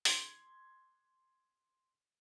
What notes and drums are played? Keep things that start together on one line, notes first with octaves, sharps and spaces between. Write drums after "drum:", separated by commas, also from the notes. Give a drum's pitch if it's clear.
C6 G#6, drum: open hi-hat